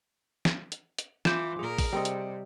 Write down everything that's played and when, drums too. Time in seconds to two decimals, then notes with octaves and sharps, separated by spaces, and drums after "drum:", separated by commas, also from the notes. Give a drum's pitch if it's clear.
0.45 drum: snare
0.72 drum: hi-hat
0.99 drum: hi-hat
1.25 E3 F4 D6 G6 E7, drum: snare
1.59 A#2 G#4 A#4
1.78 drum: kick A1, open hi-hat
1.93 C3 G3 C4 D#5
2.05 drum: hi-hat